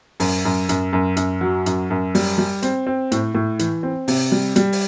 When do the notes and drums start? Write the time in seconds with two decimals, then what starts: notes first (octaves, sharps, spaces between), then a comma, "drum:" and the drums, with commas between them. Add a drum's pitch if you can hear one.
0.20 F#2, drum: open hi-hat
0.45 F#2
0.69 F#2, drum: hi-hat
0.93 F#2
1.17 F#2, drum: hi-hat
1.41 F#3
1.66 F#2, drum: hi-hat
1.90 F#2
2.15 G3, drum: open hi-hat
2.38 G3
2.63 C4, drum: hi-hat
2.87 C4
3.12 A2, drum: hi-hat
3.35 A2
3.59 E3, drum: hi-hat
3.83 C4
4.08 C3, drum: open hi-hat
4.32 G3
4.56 G3, drum: hi-hat
4.72 drum: open hi-hat